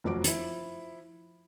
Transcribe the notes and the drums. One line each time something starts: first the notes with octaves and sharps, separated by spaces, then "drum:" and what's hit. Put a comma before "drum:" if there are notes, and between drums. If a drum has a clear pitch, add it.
F1 F#2 F3 F#4 D6 D7
F3 E4, drum: hi-hat